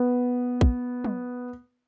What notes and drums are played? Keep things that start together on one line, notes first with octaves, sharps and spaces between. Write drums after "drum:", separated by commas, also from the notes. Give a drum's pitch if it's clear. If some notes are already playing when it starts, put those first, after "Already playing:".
Already playing: B3
drum: kick
drum: tom